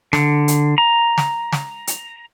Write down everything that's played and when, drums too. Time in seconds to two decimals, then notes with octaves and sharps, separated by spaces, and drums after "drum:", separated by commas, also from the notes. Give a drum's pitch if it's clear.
0.13 D3, drum: snare
0.48 drum: hi-hat
0.78 A#5
1.18 drum: snare
1.53 drum: snare
1.87 drum: hi-hat